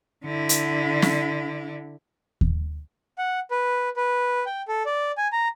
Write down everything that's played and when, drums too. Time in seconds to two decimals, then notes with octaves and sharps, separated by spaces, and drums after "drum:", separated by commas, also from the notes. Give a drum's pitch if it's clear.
0.25 D3 E4
0.49 drum: hi-hat
1.02 drum: snare
2.41 drum: kick D#2
3.18 F#5
3.51 B4
3.97 B4
4.46 G5
4.68 A4
4.86 D5
5.18 G#5
5.32 A#5